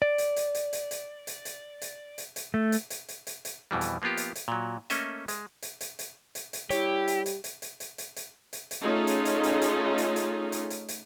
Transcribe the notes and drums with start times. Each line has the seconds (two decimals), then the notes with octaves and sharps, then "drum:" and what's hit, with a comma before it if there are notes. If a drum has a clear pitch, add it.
0.02 D5
0.18 drum: hi-hat
0.36 drum: hi-hat
0.55 drum: hi-hat
0.73 drum: hi-hat
0.91 drum: hi-hat
1.27 drum: hi-hat
1.45 drum: hi-hat
1.82 drum: hi-hat
2.18 drum: hi-hat
2.36 drum: hi-hat
2.54 A3
2.72 drum: hi-hat
2.90 drum: hi-hat
3.08 drum: hi-hat
3.27 drum: hi-hat
3.45 drum: hi-hat
3.71 F2 B2 E3 G3
3.81 drum: hi-hat
4.02 F3 A#3 B3 F4 G4
4.17 drum: hi-hat
4.35 drum: hi-hat
4.48 A#2 F#3
4.90 A3 A#3 C#4 A4 D#5 E5, drum: hi-hat
5.28 G#3, drum: hi-hat
5.62 drum: hi-hat
5.81 drum: hi-hat
5.99 drum: hi-hat
6.35 drum: hi-hat
6.53 drum: hi-hat
6.70 G3 E4 G4 C#5, drum: hi-hat
7.08 drum: hi-hat
7.26 drum: hi-hat
7.44 drum: hi-hat
7.62 drum: hi-hat
7.80 drum: hi-hat
7.98 drum: hi-hat
8.16 drum: hi-hat
8.53 drum: hi-hat
8.71 drum: hi-hat
8.83 A3 C#4 D#4 F4 G#4
9.07 drum: hi-hat
9.25 drum: hi-hat
9.43 drum: hi-hat
9.62 drum: hi-hat
9.98 drum: hi-hat
10.16 drum: hi-hat
10.52 drum: hi-hat
10.70 drum: hi-hat
10.88 drum: hi-hat